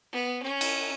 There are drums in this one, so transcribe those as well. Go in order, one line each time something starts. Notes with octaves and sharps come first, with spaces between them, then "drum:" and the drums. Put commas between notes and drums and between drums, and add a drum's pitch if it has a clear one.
B3
C#4
drum: cymbal